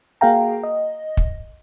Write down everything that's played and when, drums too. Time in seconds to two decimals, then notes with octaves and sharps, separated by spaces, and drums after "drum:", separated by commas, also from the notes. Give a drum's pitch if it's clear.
0.21 A#3 F#4 G#4 F5 G5 A#5
0.64 D#5
1.17 drum: kick